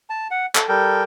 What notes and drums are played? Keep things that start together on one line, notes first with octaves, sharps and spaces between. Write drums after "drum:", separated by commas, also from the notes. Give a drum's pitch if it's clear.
A5
F#5
A4, drum: clap
G3 A4 A#4 G5